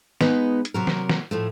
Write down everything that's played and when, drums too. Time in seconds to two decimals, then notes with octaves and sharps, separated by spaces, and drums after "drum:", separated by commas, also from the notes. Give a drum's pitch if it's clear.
0.21 G#3 B3 D#4 B4 D#5, drum: snare
0.65 drum: hi-hat
0.74 C3 F#3 A#4
0.87 drum: snare
1.09 drum: snare
1.31 A2 F3 A3